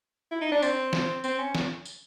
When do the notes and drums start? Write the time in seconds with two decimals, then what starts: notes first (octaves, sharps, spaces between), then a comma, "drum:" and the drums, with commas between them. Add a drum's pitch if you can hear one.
0.31 E4
0.41 D#4
0.52 D4
0.62 C4, drum: tambourine
0.93 drum: snare
1.24 C4, drum: tambourine
1.39 C#4
1.55 drum: snare
1.86 drum: tambourine